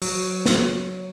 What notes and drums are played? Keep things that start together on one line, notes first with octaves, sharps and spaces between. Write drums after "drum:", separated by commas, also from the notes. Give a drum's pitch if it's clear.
F#3, drum: open hi-hat
drum: snare